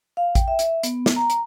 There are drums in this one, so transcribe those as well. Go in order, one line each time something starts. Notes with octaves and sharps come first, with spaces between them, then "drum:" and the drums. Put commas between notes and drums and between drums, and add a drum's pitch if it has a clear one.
F5
G5, drum: kick A1, hi-hat
E5
drum: hi-hat
B3, drum: hi-hat
drum: snare
A#5
drum: hi-hat